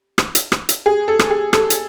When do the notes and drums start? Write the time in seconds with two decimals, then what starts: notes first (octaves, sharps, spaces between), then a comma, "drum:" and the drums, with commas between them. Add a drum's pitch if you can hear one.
0.18 drum: rim click
0.35 drum: hi-hat
0.52 drum: rim click
0.69 drum: hi-hat
0.86 G#4
1.08 A4
1.19 drum: rim click
1.30 G#4
1.53 A4, drum: rim click
1.70 drum: hi-hat